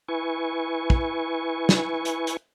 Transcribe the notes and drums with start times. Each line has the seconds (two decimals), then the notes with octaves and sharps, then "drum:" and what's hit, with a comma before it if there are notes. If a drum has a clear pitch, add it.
0.08 E4 B4 G#5 C#6
0.90 drum: kick
1.69 drum: snare
2.05 drum: hi-hat
2.27 drum: hi-hat